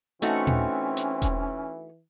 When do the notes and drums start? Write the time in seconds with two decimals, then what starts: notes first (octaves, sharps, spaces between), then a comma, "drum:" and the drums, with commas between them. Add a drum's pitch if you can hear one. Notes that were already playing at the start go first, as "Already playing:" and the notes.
0.22 E3 A3 C4 C#4 D#4 F#4, drum: hi-hat
0.47 drum: tom A#2
0.97 drum: hi-hat
1.22 drum: kick E1, hi-hat